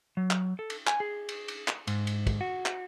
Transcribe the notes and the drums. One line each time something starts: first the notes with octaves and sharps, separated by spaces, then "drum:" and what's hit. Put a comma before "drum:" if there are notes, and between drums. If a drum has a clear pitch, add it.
F#3
drum: clap
A4
drum: cymbal
G#5, drum: clap
G#4
drum: cymbal
drum: cymbal
drum: clap
G#2, drum: cymbal
drum: cymbal
drum: kick, cymbal
F#4
drum: clap